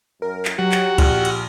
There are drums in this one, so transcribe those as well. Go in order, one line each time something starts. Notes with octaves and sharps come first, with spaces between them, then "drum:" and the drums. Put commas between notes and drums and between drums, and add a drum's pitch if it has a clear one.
F#2 A#4
drum: clap
F#3 F#4 G4
drum: clap
A#1 F6, drum: kick C#2, cymbal
drum: cymbal